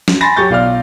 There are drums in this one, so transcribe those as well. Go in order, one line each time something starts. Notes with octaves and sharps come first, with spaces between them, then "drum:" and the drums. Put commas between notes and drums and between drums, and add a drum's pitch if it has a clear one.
drum: snare
G#5 B5 C6 A6 A#6
F#3 G4 C#6 G6 A6
B1 F4 D5 F6